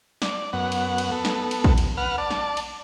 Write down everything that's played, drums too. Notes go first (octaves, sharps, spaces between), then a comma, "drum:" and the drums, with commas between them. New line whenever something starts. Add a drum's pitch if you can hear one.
D5, drum: snare
F#2 B3 F#5
drum: cymbal
drum: cymbal
B3 A4
drum: snare
drum: cymbal
drum: kick A#1
drum: cymbal
B4 F#5 F6
D5 A5
drum: snare
drum: cymbal